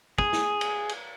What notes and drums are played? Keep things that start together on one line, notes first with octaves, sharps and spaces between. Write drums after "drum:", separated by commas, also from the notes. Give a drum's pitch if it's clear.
G#4, drum: kick
drum: snare
drum: cymbal
drum: cymbal